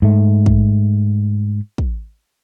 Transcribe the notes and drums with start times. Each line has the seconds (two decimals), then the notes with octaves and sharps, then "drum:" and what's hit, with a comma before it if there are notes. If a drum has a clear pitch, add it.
0.02 G#2 A3
0.46 drum: kick
1.78 drum: kick